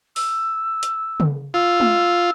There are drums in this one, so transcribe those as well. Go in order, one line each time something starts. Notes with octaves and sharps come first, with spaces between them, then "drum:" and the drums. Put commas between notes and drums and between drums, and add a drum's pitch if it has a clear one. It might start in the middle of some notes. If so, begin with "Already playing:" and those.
E6, drum: open hi-hat
drum: hi-hat
drum: tom C#3
F4 E6
drum: tom G#3